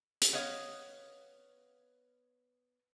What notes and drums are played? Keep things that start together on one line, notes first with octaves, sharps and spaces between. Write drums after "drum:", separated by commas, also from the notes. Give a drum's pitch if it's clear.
drum: hi-hat
B3 C#5 D#5 F5